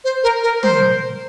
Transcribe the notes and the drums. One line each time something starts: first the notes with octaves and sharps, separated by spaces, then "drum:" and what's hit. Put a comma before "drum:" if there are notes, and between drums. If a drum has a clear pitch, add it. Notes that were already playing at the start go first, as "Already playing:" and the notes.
C5
A#4
A#4
C5, drum: tom